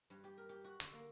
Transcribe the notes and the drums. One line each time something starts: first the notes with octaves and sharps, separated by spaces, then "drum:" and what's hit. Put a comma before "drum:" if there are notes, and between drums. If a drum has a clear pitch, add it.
G2
G4
A#4
G4
F#4
D3, drum: hi-hat
A#3